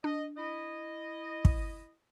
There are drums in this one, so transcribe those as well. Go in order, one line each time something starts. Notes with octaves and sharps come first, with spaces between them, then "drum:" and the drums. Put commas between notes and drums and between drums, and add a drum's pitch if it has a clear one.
D4 D#5
E4 D#5
drum: kick